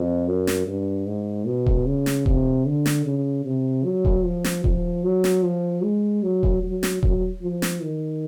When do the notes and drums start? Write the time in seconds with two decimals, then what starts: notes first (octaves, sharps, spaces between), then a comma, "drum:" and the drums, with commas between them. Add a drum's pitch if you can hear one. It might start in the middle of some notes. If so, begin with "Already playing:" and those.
Already playing: F2
0.28 F#2
0.47 drum: snare
0.67 G2
1.07 G#2
1.46 B2
1.66 drum: kick D#1
1.86 C#3
2.06 drum: snare
2.26 C3, drum: kick D#1
2.66 D3
2.86 drum: snare
3.06 C#3
3.45 C3
3.85 F#3
4.05 drum: kick D#1
4.25 F3
4.44 drum: snare
4.64 F3, drum: kick D#1
5.04 F#3
5.24 drum: snare
5.43 F3
5.83 G#3
6.23 F#3
6.43 drum: kick D#1
6.63 F#3
6.83 drum: snare
7.03 F#3, drum: kick D#1
7.42 F3
7.62 drum: snare
7.82 D#3